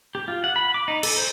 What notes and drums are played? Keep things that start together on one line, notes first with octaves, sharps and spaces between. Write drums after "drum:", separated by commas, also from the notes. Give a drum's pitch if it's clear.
G4
F4
F#5
B5
D6
D#4
A4, drum: cymbal
C5